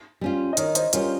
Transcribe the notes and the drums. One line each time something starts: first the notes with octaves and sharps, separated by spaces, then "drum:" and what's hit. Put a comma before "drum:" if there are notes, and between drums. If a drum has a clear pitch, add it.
G3 C#4 F4
D#5
D#3 A#4 C#5, drum: hi-hat
C5 D#5, drum: hi-hat
G3 C#4 F4 A#4 C#5, drum: hi-hat